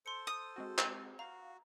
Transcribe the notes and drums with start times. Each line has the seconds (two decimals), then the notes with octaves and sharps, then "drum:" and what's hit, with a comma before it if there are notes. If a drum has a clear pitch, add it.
0.06 A4 C5 C6 C#7
0.27 D#6
0.56 G#3 C4 F#4
0.78 drum: clap
1.19 F#4 F5 A#5